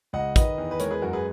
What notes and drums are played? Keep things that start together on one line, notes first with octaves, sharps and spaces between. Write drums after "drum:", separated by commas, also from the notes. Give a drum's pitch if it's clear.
C#2 D#5 F#5
D#3 B4 D#5, drum: kick, hi-hat
E2
B4
G#3 A#4 C#5, drum: hi-hat
G#4 B4
F#2 F#4 A#4
G#4 B4